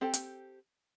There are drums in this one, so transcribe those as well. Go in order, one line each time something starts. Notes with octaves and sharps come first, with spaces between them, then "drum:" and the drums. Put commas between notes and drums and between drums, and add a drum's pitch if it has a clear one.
C4 G4 A4
drum: hi-hat